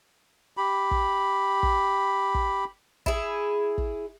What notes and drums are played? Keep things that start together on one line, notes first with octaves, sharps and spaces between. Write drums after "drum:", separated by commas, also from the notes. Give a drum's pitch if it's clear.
G4 B5
drum: kick
drum: kick
drum: kick
E4 G#4, drum: kick
drum: kick